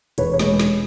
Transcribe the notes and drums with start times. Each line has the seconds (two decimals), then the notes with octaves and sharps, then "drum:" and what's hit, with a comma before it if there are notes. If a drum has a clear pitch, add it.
0.18 E1 B4 C#5, drum: hi-hat
0.34 B4 C#5
0.39 G#3, drum: snare
0.59 drum: snare